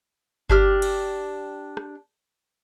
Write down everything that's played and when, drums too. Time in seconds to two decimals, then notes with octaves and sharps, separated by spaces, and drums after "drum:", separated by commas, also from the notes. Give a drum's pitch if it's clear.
0.50 D4 G4 F6, drum: kick G1
0.82 drum: cymbal
1.77 drum: rim click